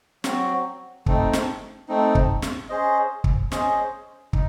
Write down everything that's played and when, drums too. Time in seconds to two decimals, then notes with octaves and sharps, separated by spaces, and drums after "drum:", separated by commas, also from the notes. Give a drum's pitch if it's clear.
0.24 F#3 C4 F#4, drum: snare
1.06 A3 C4 D#4, drum: kick
1.33 drum: snare
1.88 A3 C4 D#4
2.15 drum: kick
2.42 drum: snare
2.69 C#4 G#4 C5 D#5
3.24 drum: kick
3.52 C#4 G#4 C5 D#5, drum: snare
4.33 D#4, drum: kick